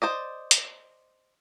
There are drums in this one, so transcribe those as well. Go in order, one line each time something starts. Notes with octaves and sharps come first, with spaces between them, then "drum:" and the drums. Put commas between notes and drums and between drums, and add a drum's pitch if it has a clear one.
C5 D5 D#5
drum: hi-hat